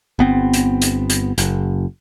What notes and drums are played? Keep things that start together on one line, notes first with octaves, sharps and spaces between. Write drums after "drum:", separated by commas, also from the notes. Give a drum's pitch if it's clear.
G1 B3 C4
drum: hi-hat
drum: hi-hat
drum: hi-hat
F#1, drum: hi-hat